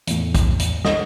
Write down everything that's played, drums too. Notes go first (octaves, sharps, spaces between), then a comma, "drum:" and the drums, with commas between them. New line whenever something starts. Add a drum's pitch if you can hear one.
E2 A2, drum: hi-hat
drum: kick, hi-hat
drum: hi-hat
D#5, drum: snare